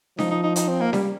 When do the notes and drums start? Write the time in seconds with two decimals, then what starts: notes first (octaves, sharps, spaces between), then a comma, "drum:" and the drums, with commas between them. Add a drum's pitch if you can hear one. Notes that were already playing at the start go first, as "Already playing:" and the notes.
0.18 F3 D#4, drum: snare C#4
0.31 D#4
0.43 D#4
0.56 D#4, drum: hi-hat
0.68 C4
0.80 A#3
0.93 G3, drum: snare C#4